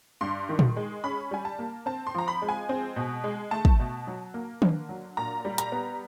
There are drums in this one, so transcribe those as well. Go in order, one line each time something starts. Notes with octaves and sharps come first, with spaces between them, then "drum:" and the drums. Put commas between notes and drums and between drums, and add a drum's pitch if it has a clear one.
G2 C6
D#3
drum: tom A#2
G#3
C#4 B5
G3 G#5
A5
A#3
C4 A5
C6
F3 A#5
B5
G#3
G#5
C4
B2
G#3
A3 A5
drum: kick
B2
F#3
A#3
D3, drum: tom D#3
F#3
A#2 A#5
G3
A#5, drum: hi-hat
B3